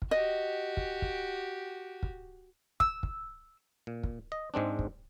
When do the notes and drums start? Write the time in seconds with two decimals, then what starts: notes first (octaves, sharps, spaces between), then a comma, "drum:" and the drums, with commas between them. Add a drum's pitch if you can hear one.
0.02 drum: kick
0.11 F#4 G4 D#5
0.77 drum: kick
1.02 drum: kick
2.03 drum: kick
2.80 E6, drum: kick
3.03 drum: kick
3.87 A#2
4.03 drum: kick
4.32 D#5
4.54 G#2 G#3 C4 D4
4.79 drum: kick